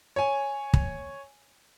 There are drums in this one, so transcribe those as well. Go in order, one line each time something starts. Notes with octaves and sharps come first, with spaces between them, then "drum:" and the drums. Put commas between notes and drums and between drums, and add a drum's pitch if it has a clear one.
C#5 G#5
drum: kick